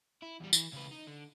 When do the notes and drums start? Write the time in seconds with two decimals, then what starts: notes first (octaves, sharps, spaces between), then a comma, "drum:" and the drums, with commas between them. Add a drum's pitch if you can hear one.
0.22 E4
0.41 E2 G3
0.53 E3, drum: tambourine
0.73 C#3 B4
0.91 D#4
1.07 D3